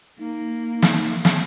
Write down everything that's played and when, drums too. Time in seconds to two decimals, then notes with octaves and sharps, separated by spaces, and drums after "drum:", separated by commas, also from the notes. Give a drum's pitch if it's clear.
0.19 A#3 D#4
0.82 drum: snare
1.25 drum: snare